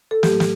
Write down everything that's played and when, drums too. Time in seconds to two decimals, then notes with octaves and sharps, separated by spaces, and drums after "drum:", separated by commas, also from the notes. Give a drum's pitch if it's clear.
0.11 A4
0.23 A2 F#3 A3 G4, drum: snare
0.40 drum: snare